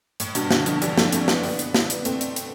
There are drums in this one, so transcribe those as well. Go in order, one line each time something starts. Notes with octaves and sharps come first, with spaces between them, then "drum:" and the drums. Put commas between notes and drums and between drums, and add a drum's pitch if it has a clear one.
A2, drum: hi-hat
G2 B2, drum: hi-hat
B2 D3, drum: snare
D3 F3, drum: hi-hat
E3 G3, drum: hi-hat
F3 A3, drum: snare
A3 C4, drum: hi-hat
B3 D4, drum: snare
B3 D4, drum: open hi-hat
drum: hi-hat
drum: snare
drum: hi-hat
A3 C4, drum: hi-hat
drum: hi-hat
drum: hi-hat